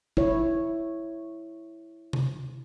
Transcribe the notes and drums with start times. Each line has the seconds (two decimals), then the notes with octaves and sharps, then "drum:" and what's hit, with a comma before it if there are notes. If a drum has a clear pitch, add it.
0.17 E4 C#5, drum: kick
2.13 drum: tom C3